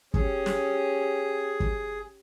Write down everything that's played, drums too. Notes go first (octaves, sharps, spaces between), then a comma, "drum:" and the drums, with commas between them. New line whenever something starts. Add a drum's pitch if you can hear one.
C#4 G4 G#4, drum: kick G1
drum: snare
drum: kick G1